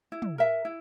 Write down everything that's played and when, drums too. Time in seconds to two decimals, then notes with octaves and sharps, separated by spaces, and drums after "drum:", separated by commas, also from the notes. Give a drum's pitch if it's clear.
0.12 E4
0.22 drum: tom
0.38 A#4 E5
0.65 E4